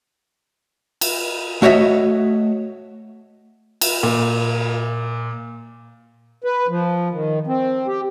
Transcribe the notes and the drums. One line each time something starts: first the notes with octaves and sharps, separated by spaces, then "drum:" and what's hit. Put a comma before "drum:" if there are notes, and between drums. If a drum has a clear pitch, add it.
drum: cymbal
A3 F#4 C#5 D#5 E5
drum: cymbal
A#2
B4
F3
D#3
C4
G4